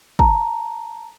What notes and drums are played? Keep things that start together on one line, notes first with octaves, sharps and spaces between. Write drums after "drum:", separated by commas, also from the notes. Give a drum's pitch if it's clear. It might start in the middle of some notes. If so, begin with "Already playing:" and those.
A5 A#5, drum: kick